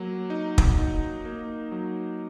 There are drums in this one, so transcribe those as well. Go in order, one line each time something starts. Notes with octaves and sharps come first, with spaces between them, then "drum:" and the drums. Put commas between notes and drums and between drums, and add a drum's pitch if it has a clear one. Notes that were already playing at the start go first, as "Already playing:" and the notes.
Already playing: F#3 A#3
D#4
drum: kick
D#4
A#3
F#3